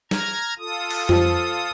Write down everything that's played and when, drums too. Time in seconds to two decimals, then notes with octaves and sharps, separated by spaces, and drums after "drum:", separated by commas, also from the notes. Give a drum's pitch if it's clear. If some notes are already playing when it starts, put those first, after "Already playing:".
0.11 A#5 F6 G#6, drum: snare
0.59 F4 A4 D#6
0.90 drum: cymbal
1.09 F3, drum: tom F2